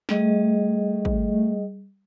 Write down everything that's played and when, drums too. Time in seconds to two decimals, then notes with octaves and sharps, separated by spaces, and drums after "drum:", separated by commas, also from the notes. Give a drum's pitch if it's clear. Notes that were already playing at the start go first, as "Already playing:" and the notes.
0.09 G3 A3 G#4 D#5, drum: snare
1.05 drum: kick